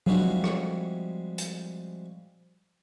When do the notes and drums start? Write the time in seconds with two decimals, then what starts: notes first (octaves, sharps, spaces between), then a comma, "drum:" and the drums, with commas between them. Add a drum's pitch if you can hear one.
0.06 F3 G3 G#3 C4 E4 F#4, drum: tom F#3
0.44 drum: rim click
1.38 drum: hi-hat